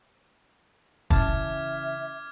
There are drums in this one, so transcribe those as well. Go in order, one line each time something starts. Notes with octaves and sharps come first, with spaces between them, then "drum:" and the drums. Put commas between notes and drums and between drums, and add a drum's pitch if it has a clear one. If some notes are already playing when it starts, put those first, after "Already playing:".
C#3 E3 C#4 E5 A5 D6 F6 G#6, drum: kick